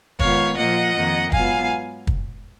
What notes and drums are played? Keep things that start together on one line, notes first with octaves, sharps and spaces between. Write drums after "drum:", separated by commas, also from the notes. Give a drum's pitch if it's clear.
D#3 G#3 B3 F4 C#5 F5, drum: kick
A#2 F3 A#3 F4 D#5 F#5
F2 D#3 A#3
G#2 F#3 B3 F4 F5 G#5, drum: kick
drum: kick